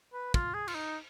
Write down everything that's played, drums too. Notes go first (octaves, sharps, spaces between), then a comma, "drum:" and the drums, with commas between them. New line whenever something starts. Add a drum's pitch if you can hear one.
B4
F4, drum: kick
G#4
F4, drum: cymbal
D#4